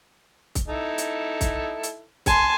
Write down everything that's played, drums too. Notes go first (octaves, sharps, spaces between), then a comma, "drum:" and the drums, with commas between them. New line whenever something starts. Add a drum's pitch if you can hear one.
drum: kick, hi-hat
D#4 E4 A4
drum: hi-hat
drum: kick, hi-hat
drum: hi-hat
G#5 A5 C6, drum: kick, hi-hat